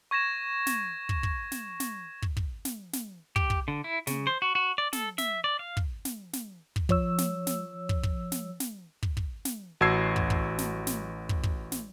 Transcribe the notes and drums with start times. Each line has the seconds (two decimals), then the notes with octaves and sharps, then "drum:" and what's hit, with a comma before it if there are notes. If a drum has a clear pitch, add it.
0.11 C#6 G#6 A#6 E7
0.67 drum: snare
1.09 drum: kick
1.23 drum: kick
1.52 drum: snare
1.80 drum: snare
2.22 drum: kick
2.37 drum: kick
2.65 drum: snare
2.93 drum: snare
3.36 G4, drum: kick
3.50 drum: kick
3.68 D3
3.84 E4
4.07 C#3, drum: snare
4.27 C5
4.42 F#4
4.55 F#4
4.78 D5
4.93 A4, drum: snare
5.18 E5, drum: snare
5.44 D5
5.59 F5
5.77 drum: kick
6.05 drum: snare
6.33 drum: snare
6.76 drum: kick
6.89 F3 C#5 E6, drum: kick
7.18 drum: snare
7.47 drum: snare
7.89 drum: kick
8.03 drum: kick
8.32 drum: snare
8.60 drum: snare
9.03 drum: kick
9.17 drum: kick
9.45 drum: snare
9.81 A1 F#4 A5 E6 G#6 C7
10.16 drum: kick
10.30 drum: kick
10.58 drum: snare
10.87 drum: snare
11.29 drum: kick
11.43 drum: kick
11.72 drum: snare